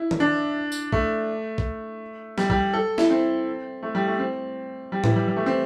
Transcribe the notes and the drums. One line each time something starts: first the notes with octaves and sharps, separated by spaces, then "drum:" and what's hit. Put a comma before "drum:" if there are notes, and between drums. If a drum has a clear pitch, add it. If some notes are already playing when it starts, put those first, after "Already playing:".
Already playing: E4
drum: tom D#3
D4
drum: tambourine
A3, drum: kick
drum: kick
G3, drum: snare
G3, drum: kick
A4
E4, drum: snare
C4
A3
G3
A3
C4
G3
E3, drum: tom A2
G3
G3
A3
C4